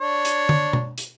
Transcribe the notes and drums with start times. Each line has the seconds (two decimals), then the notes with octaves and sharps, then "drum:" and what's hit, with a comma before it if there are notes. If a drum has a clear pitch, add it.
0.01 D4 C#5
0.25 drum: hi-hat
0.49 drum: tom D3
0.73 drum: tom B2
0.98 drum: hi-hat